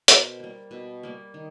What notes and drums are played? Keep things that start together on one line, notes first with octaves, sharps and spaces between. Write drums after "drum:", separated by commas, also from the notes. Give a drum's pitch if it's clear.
B2 A#4 C5, drum: hi-hat
G3 A#3
B2
G3 A#3
D#3